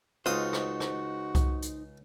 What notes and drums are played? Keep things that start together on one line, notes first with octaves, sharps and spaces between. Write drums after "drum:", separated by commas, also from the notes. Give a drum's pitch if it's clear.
C#2 D#4 F4 F#4 C5 D#6, drum: hi-hat
drum: rim click
drum: rim click
drum: kick C2, hi-hat
drum: hi-hat